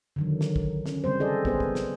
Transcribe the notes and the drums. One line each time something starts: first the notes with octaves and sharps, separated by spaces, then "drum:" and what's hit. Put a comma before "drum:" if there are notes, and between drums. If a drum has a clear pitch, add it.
D3 D#3 F#3
drum: snare
drum: kick
C#4, drum: snare
C#3 G3 C4 C5
G#4 A4 D5 D#5
B3 G#4 B4 C5, drum: kick
drum: kick
drum: snare